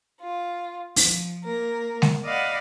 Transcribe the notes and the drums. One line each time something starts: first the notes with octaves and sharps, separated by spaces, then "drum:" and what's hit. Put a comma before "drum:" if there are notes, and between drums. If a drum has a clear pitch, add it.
F4
F3, drum: open hi-hat
A#3 A#4
drum: snare G#3
D5 D#5 F5 F#5 B5